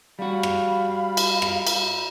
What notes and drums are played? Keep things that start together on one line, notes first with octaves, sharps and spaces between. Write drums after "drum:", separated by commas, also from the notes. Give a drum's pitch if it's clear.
G3 F#4 F5 B5
drum: rim click
drum: cymbal
drum: rim click
drum: cymbal